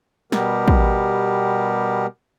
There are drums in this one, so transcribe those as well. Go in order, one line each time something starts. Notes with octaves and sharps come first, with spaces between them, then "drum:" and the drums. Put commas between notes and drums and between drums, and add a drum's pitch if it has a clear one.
B2 G3 B3 G4 A#4, drum: snare
drum: kick